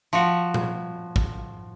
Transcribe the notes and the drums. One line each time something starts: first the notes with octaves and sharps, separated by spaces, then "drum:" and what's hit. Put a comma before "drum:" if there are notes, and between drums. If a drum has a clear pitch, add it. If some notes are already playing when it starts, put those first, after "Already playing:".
F3 F#4
drum: tom A#2
drum: kick